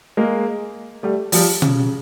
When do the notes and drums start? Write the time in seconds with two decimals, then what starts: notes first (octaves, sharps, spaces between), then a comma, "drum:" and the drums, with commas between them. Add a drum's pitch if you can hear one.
0.17 G#3 A#3
1.03 G3 A3
1.32 F3 G3, drum: open hi-hat
1.62 C#3, drum: tom B2